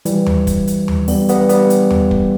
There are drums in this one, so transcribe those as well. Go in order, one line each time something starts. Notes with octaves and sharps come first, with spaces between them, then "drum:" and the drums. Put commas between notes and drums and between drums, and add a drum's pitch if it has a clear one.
E3 G3, drum: hi-hat
drum: tom D#2
drum: kick, hi-hat
drum: hi-hat
drum: tom D#2
G3 B3, drum: open hi-hat
G3 B3, drum: hi-hat
G3 B3, drum: hi-hat
drum: hi-hat
drum: tom D#2
drum: kick